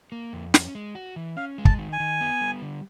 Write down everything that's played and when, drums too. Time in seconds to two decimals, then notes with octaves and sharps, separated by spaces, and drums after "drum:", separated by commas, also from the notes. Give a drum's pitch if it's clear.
0.12 A#3
0.33 F2
0.54 C#4, drum: snare
0.75 G#3
0.95 F#4
1.16 E3
1.36 C#4 F5
1.58 G#3
1.65 A5, drum: kick
1.79 D#3
1.93 G#5
2.00 D#3
2.21 B3
2.41 G3
2.62 D3